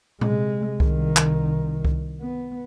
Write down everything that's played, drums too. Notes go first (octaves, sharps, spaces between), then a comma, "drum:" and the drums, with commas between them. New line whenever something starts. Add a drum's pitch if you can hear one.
C3 G#3, drum: tom A#2
C2 D#3, drum: kick C2
drum: clap
drum: kick C2
B3